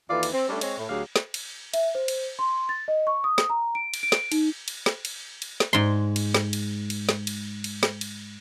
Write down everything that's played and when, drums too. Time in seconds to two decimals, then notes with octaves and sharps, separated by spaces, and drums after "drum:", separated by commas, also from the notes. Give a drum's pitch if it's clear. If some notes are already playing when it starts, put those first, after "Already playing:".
0.10 D#2 E3 F4 A4 D5
0.23 drum: cymbal
0.33 C4
0.49 G3 A3 C#4 D4
0.61 G#3 C4 C#5, drum: cymbal
0.78 A2
0.89 D2 F#3 G4 G#4 F5
1.16 drum: snare
1.34 drum: cymbal
1.74 E5, drum: cymbal
1.95 C5
2.08 drum: cymbal
2.39 C6
2.69 A6
2.88 D#5
3.07 C#6
3.24 D#6
3.38 drum: snare
3.50 A#5
3.75 D7
3.94 drum: cymbal
4.03 D7
4.12 drum: snare
4.32 D#4, drum: cymbal
4.68 drum: cymbal
4.86 drum: snare
5.05 drum: cymbal
5.42 drum: cymbal
5.60 drum: snare
5.73 G#2 C6
6.16 drum: cymbal
6.34 drum: snare
6.53 drum: cymbal
6.90 drum: cymbal
7.09 drum: snare
7.27 drum: cymbal
7.64 drum: cymbal
7.83 drum: snare
8.01 drum: cymbal